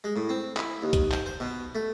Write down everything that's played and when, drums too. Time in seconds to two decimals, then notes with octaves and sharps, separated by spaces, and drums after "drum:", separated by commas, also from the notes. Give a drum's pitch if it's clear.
0.04 G#3
0.16 A2
0.29 C4
0.57 E4, drum: clap
0.82 D#2
0.93 drum: kick B1, hi-hat
1.11 C5, drum: clap
1.26 C5
1.40 B2
1.75 A3